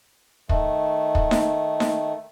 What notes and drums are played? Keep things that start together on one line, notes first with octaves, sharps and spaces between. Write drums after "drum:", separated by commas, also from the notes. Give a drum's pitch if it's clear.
D#3 A3, drum: kick
drum: kick
drum: snare D#4
drum: snare D#4